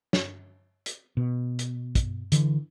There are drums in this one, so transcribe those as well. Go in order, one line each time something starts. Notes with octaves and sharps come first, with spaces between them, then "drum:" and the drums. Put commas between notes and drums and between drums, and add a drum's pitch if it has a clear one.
drum: snare
drum: hi-hat
B2
drum: hi-hat
drum: kick, hi-hat
D3 E3, drum: hi-hat